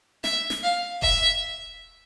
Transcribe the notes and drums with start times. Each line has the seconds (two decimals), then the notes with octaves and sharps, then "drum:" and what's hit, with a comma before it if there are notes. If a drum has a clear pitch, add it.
0.24 E5, drum: snare
0.50 drum: snare
0.63 F5
1.02 E5, drum: kick E1